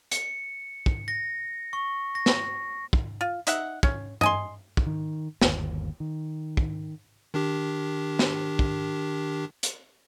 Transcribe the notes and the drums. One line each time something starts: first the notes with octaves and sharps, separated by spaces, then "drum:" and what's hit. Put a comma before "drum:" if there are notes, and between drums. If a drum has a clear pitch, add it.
C#7, drum: hi-hat
drum: kick
A#6
C#6
A#6
drum: snare
drum: kick
F4
D#4 E5 F#5, drum: hi-hat
C#4, drum: kick
D#5 G#5 C6, drum: tom G2
drum: kick
D#3
G1 D#2, drum: snare
D#3
drum: kick
D#3 D4 G4
drum: snare
drum: kick
drum: hi-hat